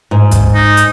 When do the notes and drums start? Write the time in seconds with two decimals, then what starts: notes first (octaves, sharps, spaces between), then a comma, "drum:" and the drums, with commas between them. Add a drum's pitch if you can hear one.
0.11 G#2
0.31 drum: kick, hi-hat
0.54 D#4
0.77 drum: hi-hat